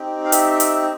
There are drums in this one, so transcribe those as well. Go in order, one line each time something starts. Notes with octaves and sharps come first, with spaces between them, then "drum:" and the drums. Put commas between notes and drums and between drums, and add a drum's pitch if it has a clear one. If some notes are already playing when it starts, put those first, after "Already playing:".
Already playing: C4 D#4 G4
F5
E5, drum: hi-hat
drum: hi-hat